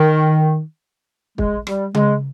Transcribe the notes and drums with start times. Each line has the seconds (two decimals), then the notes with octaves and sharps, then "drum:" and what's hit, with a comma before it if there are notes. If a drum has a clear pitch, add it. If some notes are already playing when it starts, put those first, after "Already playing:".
Already playing: D#3
1.38 G#3, drum: kick
1.67 G3, drum: rim click
1.94 G#3, drum: tom C#3